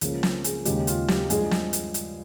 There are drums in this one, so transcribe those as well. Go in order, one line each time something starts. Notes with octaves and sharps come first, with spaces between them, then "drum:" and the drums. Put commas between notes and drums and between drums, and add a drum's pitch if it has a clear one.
C#2 C#3 F3 A#3 G#4, drum: hi-hat
drum: snare
G#4, drum: hi-hat
D#2 C#3 G#3 G4, drum: hi-hat
F4, drum: hi-hat
G4, drum: snare
G2 F3 G#3 G#4, drum: hi-hat
drum: snare
drum: hi-hat
drum: hi-hat